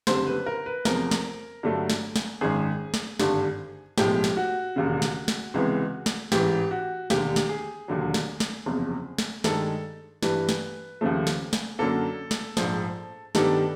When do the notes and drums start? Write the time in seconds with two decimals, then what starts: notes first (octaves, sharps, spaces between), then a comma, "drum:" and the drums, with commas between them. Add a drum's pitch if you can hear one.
0.07 F#1 F2 D3 G3 C4 C5, drum: snare
0.27 B4
0.46 A#4
0.66 B4
0.85 E2 C3 F3 A#4, drum: snare
1.11 drum: snare
1.63 G2 D3 F#3 A3
1.90 drum: snare
2.16 drum: snare
2.41 G#1 F#2 D#3 G#3 G#4
2.94 drum: snare
3.20 G#1 G2 D3 G3, drum: snare
3.98 B1 A2 F3 G#3 G4, drum: snare
4.24 drum: snare
4.37 F#4
4.76 E1 D#2 C#3
5.02 drum: snare
5.28 drum: snare
5.54 C#2 C3 E3 G#3 B3
6.06 drum: snare
6.32 A1 G#2 E3 G4, drum: snare
6.71 F#4
7.10 E1 D#2 D3 G4, drum: snare
7.36 drum: snare
7.49 G#4
7.88 E1 D#2 D3 F#3
8.14 drum: snare
8.40 drum: snare
8.66 F#1 E2 C3 F3
9.18 drum: snare
9.44 G2 D#3 G#3 A4, drum: snare
10.23 G2 E3 G3 B4, drum: snare
10.49 drum: snare
11.01 D#2 C#3 F3 A3
11.27 drum: snare
11.53 drum: snare
11.79 F#2 D3 F#3 A#3 A4
12.31 drum: snare
12.57 A#1 G#2 F3, drum: snare
13.35 G2 D#3 G3 B3 D4 A4, drum: snare